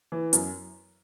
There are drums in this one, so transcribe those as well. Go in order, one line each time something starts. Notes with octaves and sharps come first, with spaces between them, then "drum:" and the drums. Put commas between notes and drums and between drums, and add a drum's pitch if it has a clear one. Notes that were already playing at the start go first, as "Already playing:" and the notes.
E3
F#2, drum: hi-hat